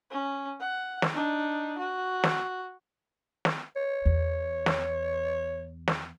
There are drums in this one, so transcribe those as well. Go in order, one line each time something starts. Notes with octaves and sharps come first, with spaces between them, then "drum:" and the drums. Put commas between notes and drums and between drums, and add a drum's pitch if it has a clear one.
C#4
F#5
drum: snare
D4 D#4
F#4
drum: snare
drum: snare
C#5
E2
drum: snare
drum: snare